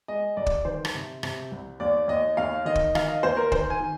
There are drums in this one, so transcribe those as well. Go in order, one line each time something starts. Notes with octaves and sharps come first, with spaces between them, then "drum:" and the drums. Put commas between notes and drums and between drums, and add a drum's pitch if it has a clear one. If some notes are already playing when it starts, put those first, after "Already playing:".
G#3 D#5
C2 D5
drum: kick
D#3 C5
drum: rim click
C3
C3, drum: rim click
C2
D#2 D5
D#2 D#5
D#2 F5
D#3 D#5
drum: kick
D#3 F5, drum: rim click
D#5
D#2 C5
A#4
D#3 C5, drum: kick
G#5
D#3